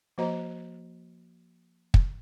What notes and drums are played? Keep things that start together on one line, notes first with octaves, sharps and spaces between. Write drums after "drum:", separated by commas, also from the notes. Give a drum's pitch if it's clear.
F3 A#3 F#4 C5 D#5 A#5
drum: kick